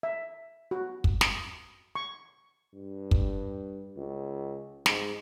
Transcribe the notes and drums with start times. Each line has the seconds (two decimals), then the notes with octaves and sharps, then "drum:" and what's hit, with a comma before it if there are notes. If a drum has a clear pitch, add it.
0.03 E5
0.71 F#4
1.04 drum: kick
1.21 D#6, drum: snare
1.95 C#6
2.74 G2
3.11 drum: kick
3.97 C#2
4.86 G#2, drum: snare